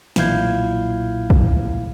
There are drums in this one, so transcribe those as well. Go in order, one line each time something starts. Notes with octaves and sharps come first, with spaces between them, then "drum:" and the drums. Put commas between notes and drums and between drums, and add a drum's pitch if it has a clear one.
B1 A#2 E4 F5 G6 G#6, drum: snare
drum: kick